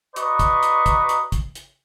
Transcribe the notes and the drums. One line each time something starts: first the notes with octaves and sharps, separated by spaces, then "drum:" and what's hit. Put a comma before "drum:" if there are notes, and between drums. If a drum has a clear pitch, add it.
F#4 B4 D5 D#5 A#5 C#6, drum: hi-hat
drum: kick, hi-hat
drum: hi-hat
drum: kick, hi-hat
drum: hi-hat
drum: kick, hi-hat
drum: hi-hat